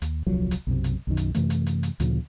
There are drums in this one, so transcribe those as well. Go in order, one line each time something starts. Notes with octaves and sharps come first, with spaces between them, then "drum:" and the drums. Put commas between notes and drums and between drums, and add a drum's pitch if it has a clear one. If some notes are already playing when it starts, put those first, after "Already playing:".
D#2, drum: hi-hat
D#1 C2 F3 F#3
drum: hi-hat
B1 F#2 C3
drum: hi-hat
B1 F#2 D#3
drum: hi-hat
F#2 C3 E3 A3, drum: hi-hat
drum: hi-hat
drum: hi-hat
drum: hi-hat
D2 A#2 C#3 F3, drum: hi-hat